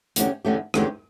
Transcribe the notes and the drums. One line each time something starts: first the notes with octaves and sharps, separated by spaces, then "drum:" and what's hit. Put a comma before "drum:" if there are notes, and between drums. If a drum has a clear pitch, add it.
E2 D3 A3 C#4 G4, drum: hi-hat
E2 D3 A3 C#4 G4
E2 D3 A3 C#4 G4, drum: rim click